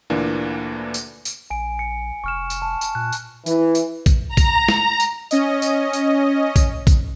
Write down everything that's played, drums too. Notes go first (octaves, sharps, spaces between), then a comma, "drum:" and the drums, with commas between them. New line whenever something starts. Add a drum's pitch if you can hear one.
D2 A#2 E3 A#3 D4
drum: tambourine
drum: tambourine
A#1 G#5 D7
C#7
F1 C#6 F6 E7
drum: tambourine
A5
drum: tambourine
A#2 F#6
drum: tambourine
E3, drum: tambourine
drum: tambourine
drum: kick A#1, tambourine
A#5
drum: kick A#1, tambourine
drum: snare
drum: tambourine
C#4 D#5, drum: tambourine
drum: tambourine
drum: tambourine
drum: kick A#1, tambourine
drum: kick A#1, tambourine